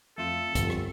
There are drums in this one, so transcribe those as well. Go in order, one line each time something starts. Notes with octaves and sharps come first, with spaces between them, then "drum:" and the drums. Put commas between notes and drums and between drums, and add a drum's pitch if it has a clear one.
F2 A3 F4 A4
G1 F2, drum: kick, hi-hat
drum: rim click